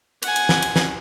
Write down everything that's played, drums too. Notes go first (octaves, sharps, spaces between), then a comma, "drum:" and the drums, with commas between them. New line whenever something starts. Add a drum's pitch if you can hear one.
F#5 G#5, drum: cymbal
drum: cymbal
drum: snare
drum: cymbal
drum: snare